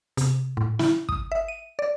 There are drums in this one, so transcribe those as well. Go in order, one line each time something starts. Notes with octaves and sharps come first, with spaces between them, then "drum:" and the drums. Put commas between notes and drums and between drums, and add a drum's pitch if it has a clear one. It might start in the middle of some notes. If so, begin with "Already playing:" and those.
C3, drum: hi-hat
A2
E4, drum: snare
D#6, drum: kick
E5
D#7
D5